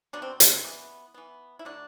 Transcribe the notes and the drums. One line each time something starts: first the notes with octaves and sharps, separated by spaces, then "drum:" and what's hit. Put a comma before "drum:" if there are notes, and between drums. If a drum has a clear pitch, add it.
B2 F#3 B3 D4
C4
C4, drum: hi-hat
E3 B3
E3 B3
E4
D3 F#3 A3 D4